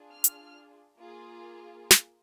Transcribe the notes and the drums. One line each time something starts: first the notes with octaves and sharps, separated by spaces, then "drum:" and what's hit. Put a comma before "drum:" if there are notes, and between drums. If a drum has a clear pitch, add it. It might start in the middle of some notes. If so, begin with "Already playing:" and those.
Already playing: D4 F4 G#4
F6
drum: hi-hat
A#3 F4 G#4
drum: snare